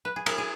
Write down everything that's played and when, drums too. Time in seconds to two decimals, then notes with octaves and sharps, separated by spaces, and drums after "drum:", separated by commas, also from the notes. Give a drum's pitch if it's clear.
0.05 B4
0.16 G#4
0.26 A#4, drum: cymbal
0.38 G#4